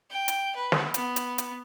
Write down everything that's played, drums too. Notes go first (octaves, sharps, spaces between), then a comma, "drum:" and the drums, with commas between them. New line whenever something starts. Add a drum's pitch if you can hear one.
G5
drum: hi-hat
B4
drum: snare
B3, drum: hi-hat
drum: hi-hat
drum: hi-hat